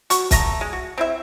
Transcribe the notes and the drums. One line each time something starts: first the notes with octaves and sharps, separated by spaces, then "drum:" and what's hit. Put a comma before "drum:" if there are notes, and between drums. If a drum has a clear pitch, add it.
F#4 C#6, drum: hi-hat
A3 D#5 A#5, drum: kick, hi-hat
G#3
F#4
C4 E4 E5